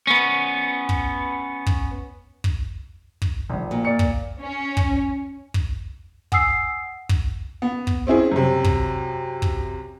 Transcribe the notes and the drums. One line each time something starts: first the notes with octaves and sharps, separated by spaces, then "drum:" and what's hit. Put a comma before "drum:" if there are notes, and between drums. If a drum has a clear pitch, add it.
B3 C#4
drum: kick
drum: kick
drum: kick
drum: kick
F1 A#1
A#2
A#3 D5 C#7
drum: kick
C#4
drum: kick
drum: kick
F#5 G#5 D#6 E6 C7, drum: kick
drum: kick
B3
drum: kick
C4 C#4 E4 G#4
F#2 C3
drum: kick
drum: kick